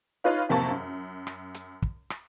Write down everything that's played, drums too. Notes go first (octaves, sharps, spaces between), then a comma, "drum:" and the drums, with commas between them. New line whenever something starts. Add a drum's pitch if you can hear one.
D#4 F4 B4 C#5 F5
A1 F2 C3 A#3 A5 C#6
F#2
drum: rim click
drum: hi-hat
drum: kick
drum: rim click